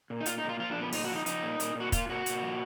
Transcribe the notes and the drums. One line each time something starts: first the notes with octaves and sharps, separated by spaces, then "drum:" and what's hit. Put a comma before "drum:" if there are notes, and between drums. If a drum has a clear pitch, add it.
A#2
D#4
A#2 F4, drum: hi-hat
D#4
A#2
F4
F3 F4
D4
A#2 B3
A#2 D#4, drum: open hi-hat
F#4
F3
D#4
F3 D#4, drum: hi-hat
A#2
A#2, drum: hi-hat
A#2 F#4
A#2 F4, drum: kick, hi-hat
A#2 F#4
A#2, drum: hi-hat
F3